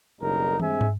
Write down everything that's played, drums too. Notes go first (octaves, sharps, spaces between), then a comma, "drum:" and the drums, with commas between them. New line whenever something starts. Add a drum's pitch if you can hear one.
F#1 B1 G3 D#4 A#4
G2 G#3 C4 E5 G#5, drum: tom
drum: tom